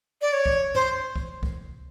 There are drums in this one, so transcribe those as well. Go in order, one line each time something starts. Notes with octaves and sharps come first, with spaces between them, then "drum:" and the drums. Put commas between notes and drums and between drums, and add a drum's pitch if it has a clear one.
D5
C#5
drum: kick C2
C5, drum: tom
drum: kick C2
drum: kick C2